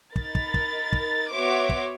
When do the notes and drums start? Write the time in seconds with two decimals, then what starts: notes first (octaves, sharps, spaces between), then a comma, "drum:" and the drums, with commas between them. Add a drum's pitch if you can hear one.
0.16 D#4 A#4 B5 A6, drum: kick
0.35 drum: kick
0.54 drum: kick
0.93 drum: kick
1.31 B3 F#4 C#5 E5 C6 D6
1.69 drum: kick